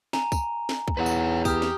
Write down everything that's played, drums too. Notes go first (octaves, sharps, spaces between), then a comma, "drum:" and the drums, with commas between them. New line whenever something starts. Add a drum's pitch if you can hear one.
G#5 A#5, drum: snare
drum: kick, tambourine
drum: snare
drum: kick
E2 B4 C#5 F#5
drum: tambourine
G4 D#6 F6, drum: kick, tambourine
drum: snare